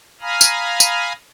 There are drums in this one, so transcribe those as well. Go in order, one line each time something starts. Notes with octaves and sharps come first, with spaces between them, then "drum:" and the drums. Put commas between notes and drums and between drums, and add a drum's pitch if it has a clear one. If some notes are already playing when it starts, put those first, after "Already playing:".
F5 G#5 A#5 B5 D#6 F6
drum: tambourine
drum: tambourine